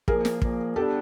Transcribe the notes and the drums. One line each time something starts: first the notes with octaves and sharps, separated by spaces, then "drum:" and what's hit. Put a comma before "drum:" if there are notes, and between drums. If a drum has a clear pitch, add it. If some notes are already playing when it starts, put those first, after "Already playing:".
A#2 F3 A#3 G#4 A#4, drum: kick
drum: snare
A#2 F3 A#3, drum: kick
G3 B3 D4 G4 A4